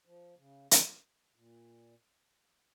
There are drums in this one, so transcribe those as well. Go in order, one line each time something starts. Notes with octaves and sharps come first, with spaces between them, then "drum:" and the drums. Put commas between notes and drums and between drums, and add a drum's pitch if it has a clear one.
F3
C#3
drum: hi-hat
A#2